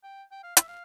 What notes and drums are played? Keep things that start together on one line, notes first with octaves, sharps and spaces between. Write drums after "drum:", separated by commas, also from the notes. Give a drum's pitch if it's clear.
G5
G5
F5
E5, drum: hi-hat
F5